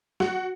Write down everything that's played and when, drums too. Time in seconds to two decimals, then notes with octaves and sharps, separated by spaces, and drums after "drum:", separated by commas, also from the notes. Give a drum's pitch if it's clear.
0.20 F#4, drum: snare